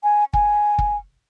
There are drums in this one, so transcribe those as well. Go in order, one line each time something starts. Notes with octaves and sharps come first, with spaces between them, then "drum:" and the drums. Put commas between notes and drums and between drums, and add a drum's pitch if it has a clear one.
G#5
G#5, drum: kick
drum: kick